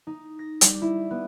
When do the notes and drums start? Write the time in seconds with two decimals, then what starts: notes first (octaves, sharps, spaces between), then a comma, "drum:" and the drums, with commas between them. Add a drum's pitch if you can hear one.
0.07 D#4
0.39 A#6
0.61 G3, drum: hi-hat
0.82 E4
1.11 B3